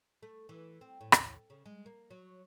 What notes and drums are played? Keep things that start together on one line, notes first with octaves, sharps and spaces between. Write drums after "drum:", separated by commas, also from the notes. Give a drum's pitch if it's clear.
A3
E3
C4
A2
drum: rim click
C#3
G#3
A#3
F#3